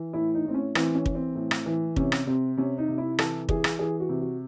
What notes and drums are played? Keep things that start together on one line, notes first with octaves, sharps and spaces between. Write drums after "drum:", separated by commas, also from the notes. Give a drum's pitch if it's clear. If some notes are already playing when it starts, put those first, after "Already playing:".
Already playing: E3
A2 E4
D#4
A2 C4
C#4
E3 C4, drum: rim click
C#4
E3, drum: kick
C4
A2
drum: rim click
E3
C3 C#4, drum: kick
drum: rim click
C3 C4
C3 C#4
D#4
C3
E4
E3 A4, drum: rim click
E3 G#4, drum: kick
drum: rim click
E3 G#4
F#4
C3
F#4